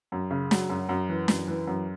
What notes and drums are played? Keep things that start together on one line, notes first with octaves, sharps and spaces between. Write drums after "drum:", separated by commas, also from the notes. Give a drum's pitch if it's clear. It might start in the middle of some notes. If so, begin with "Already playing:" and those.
F#2
C#3
F#3, drum: snare
F#2
F#2
E3
F#2, drum: snare
E3
F#2